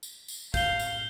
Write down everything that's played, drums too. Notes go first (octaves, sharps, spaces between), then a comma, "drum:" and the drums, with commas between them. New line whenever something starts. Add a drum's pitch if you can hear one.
drum: tambourine
drum: tambourine
F5 G6 G7, drum: kick, tambourine
drum: tambourine